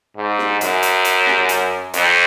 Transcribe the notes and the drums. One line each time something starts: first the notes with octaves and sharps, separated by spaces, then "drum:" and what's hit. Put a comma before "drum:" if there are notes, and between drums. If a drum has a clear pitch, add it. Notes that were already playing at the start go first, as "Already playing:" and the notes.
G#2
drum: snare
F#2, drum: hi-hat
drum: hi-hat
drum: hi-hat
drum: snare
drum: hi-hat
F2, drum: hi-hat